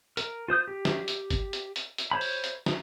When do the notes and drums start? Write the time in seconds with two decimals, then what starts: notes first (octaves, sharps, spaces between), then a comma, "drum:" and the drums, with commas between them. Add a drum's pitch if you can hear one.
0.17 A#4, drum: hi-hat
0.48 F4 C5 D#6 G6
0.68 G4
0.85 drum: snare
1.08 drum: hi-hat
1.30 drum: kick G#1, hi-hat
1.53 drum: hi-hat
1.76 drum: hi-hat
1.98 drum: hi-hat
2.11 C5 C#5 B5
2.21 drum: open hi-hat
2.44 drum: hi-hat
2.66 drum: snare